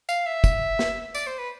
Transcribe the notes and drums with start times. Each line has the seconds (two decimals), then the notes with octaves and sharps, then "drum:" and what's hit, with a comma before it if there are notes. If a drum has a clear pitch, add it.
0.09 F5, drum: tambourine
0.26 E5
0.44 drum: kick, tambourine
0.79 drum: snare
1.15 D5, drum: tambourine
1.27 C5
1.38 B4